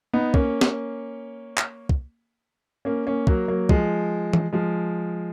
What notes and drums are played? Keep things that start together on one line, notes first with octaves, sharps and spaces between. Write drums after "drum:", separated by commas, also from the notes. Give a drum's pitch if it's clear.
B3 D#4
A#3 C#4, drum: kick
drum: snare
drum: clap
drum: kick
A#3 C#4
A#3 C#4
F#3 A#3, drum: kick
F#3 A#3
F3 G#3, drum: kick
drum: tom E3
F3 G#3